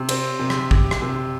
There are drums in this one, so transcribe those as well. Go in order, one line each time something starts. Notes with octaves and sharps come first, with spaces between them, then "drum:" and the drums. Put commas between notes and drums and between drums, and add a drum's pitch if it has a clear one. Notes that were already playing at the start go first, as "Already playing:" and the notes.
Already playing: C3
C4, drum: cymbal
C3
drum: rim click
G4, drum: kick
drum: rim click
C3